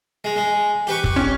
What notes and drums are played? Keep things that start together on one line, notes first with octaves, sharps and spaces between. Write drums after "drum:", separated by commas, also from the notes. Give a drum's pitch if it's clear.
G#3
G#3
G4 B4 C#6
drum: kick
C#4